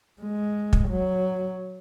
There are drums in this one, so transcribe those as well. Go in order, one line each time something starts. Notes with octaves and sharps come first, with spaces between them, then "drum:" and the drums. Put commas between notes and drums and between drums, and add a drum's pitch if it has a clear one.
G#3
drum: kick
F#3